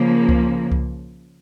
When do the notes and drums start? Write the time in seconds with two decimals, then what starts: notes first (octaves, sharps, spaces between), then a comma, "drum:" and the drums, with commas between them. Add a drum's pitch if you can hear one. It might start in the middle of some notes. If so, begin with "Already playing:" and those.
Already playing: C#3 F3 A#3
0.29 drum: kick C2
0.72 drum: kick C2